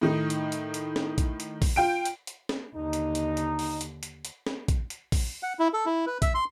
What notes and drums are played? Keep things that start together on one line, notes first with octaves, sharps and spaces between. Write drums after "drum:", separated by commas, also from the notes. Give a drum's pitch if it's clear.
A2 D#3 D#4
drum: hi-hat
drum: hi-hat
drum: hi-hat
drum: snare
drum: kick A#1, hi-hat
drum: hi-hat
drum: kick A#1, open hi-hat
F4 G5 D7
drum: hi-hat
drum: hi-hat
drum: snare
D#2 D3 D#4
drum: hi-hat
drum: hi-hat
drum: hi-hat
drum: open hi-hat
drum: hi-hat
drum: hi-hat
drum: hi-hat
drum: snare
drum: kick A#1, hi-hat
drum: hi-hat
drum: kick A#1, open hi-hat
F#5
E4
A4
E4
B4
E5, drum: kick A#1, hi-hat
C6